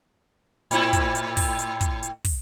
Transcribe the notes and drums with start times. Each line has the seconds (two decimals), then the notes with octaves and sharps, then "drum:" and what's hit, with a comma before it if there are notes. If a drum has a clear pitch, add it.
0.71 A2 C4 E4, drum: hi-hat
0.93 drum: kick, hi-hat
1.15 drum: hi-hat
1.37 drum: kick, open hi-hat
1.59 drum: hi-hat
1.81 drum: kick, hi-hat
2.03 drum: hi-hat
2.24 drum: kick, open hi-hat